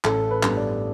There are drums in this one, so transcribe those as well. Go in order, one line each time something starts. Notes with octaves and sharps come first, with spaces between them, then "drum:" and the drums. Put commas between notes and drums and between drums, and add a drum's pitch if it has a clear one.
A1 A4, drum: clap
B4
G2 G3 B3, drum: clap
D5